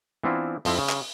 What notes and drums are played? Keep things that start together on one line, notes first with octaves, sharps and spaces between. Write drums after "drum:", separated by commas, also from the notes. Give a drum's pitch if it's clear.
E3 B3 C4 D4 E4 F4
F2 F3 C4 E4, drum: open hi-hat
C#3
drum: clap